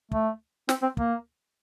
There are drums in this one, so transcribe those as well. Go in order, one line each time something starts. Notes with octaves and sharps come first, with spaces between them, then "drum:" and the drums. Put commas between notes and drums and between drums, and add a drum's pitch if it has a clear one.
A3, drum: kick
C4, drum: snare
C4
A#3, drum: kick